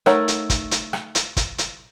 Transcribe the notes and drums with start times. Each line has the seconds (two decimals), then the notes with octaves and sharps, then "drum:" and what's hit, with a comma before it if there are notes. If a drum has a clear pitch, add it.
0.06 A3 D#4 A#4 C#5 F#5, drum: rim click
0.28 drum: hi-hat
0.50 drum: kick, hi-hat
0.71 drum: hi-hat
0.93 drum: rim click
1.15 drum: hi-hat
1.37 drum: kick, hi-hat
1.58 drum: hi-hat